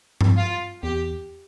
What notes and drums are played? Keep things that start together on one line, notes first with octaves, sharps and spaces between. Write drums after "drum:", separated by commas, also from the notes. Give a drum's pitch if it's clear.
drum: tom G2
F4
E2 G4